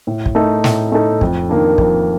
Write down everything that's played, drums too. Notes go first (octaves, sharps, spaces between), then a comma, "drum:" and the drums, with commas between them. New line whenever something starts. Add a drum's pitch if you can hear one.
A2
drum: kick
A3 D#4 A4
A2, drum: snare
A3 D#4 A4
F2, drum: kick
D#3 A#3 D4
F2, drum: kick